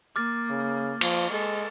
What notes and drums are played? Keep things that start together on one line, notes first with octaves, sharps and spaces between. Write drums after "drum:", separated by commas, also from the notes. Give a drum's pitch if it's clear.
A#3 D6 F6 A6
C#3
F3, drum: cymbal
G#3 A4